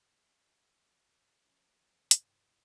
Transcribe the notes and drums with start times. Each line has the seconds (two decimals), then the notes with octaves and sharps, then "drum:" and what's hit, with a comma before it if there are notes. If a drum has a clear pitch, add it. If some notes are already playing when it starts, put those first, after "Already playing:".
1.38 F3 C4 C#4
2.00 G2 C3
2.11 drum: hi-hat